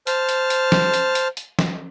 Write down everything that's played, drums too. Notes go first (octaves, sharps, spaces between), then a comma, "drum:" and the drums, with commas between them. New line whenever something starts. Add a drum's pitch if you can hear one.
C5 A5 F6, drum: hi-hat
drum: hi-hat
drum: hi-hat
drum: snare
drum: hi-hat
drum: hi-hat
drum: hi-hat
drum: snare